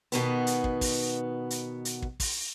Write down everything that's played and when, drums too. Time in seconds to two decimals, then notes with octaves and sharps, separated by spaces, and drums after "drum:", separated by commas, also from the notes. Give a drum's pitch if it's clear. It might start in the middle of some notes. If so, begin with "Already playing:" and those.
0.12 B2 D#3 B3, drum: hi-hat
0.47 drum: hi-hat
0.64 drum: kick
0.81 drum: kick, open hi-hat
1.50 drum: hi-hat
1.85 drum: hi-hat
2.02 drum: kick
2.20 drum: kick, open hi-hat